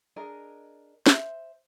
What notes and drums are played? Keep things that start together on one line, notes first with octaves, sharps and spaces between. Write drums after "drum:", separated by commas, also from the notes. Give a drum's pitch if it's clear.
D4 G#4 A#4 D#5
C5 E5, drum: snare